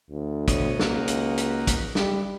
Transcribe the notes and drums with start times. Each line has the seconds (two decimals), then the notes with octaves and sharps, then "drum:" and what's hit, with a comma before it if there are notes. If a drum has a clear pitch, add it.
0.10 D2
0.48 B2 C#5 D#5, drum: kick, hi-hat
0.80 C#2 A#3 D#4 F#4, drum: snare
1.08 drum: hi-hat
1.37 drum: hi-hat
1.67 drum: kick, hi-hat
1.95 G3, drum: snare